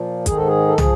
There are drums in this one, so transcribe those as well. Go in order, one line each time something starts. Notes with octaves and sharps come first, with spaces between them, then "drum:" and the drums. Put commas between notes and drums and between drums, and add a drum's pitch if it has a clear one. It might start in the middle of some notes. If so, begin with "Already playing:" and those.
Already playing: A#2 F3
G#2 D#3 G#4, drum: kick, hi-hat
A4
G#4
A4
F3 G#4, drum: tom